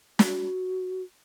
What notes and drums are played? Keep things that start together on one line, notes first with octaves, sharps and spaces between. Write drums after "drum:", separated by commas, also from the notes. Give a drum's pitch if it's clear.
F#4, drum: snare